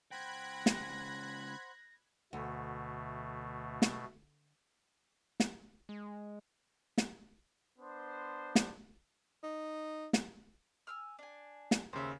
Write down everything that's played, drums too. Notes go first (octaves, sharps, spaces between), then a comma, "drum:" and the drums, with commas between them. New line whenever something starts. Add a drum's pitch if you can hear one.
C#2 C5 F#5 G5 B5 F#6 G#6 A#6
drum: snare
D2 B2 A3
drum: snare
drum: snare
G#3
drum: snare
B3 D4 C5
drum: snare
D#4
drum: snare
G#5 E6 F6
D4 G#5
drum: snare
D#2 C#3 C5 E5